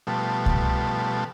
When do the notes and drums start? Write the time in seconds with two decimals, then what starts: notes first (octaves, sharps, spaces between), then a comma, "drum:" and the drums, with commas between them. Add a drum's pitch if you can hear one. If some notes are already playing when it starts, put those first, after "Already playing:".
0.07 B2 F3 G3 A3
0.46 drum: kick C2